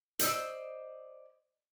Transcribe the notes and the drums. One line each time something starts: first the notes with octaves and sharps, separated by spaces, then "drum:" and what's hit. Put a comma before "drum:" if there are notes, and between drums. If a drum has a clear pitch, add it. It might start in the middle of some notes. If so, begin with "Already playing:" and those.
C5 D5 D#5 E6, drum: hi-hat